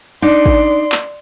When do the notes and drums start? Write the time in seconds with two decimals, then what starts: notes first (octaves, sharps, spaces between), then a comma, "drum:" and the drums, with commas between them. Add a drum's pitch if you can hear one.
0.22 D4 D#4 D5 C6
0.46 drum: kick
0.92 drum: clap